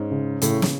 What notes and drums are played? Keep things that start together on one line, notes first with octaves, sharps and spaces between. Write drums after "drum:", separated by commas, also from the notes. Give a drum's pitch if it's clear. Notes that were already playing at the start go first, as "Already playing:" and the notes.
Already playing: G#2 C#4
C#3
A2 C#3, drum: hi-hat
drum: snare